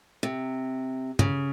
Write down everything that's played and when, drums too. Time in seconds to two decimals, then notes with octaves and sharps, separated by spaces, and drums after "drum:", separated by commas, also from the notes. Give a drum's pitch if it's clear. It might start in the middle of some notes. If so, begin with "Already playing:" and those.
0.23 C3
1.19 C#3, drum: tom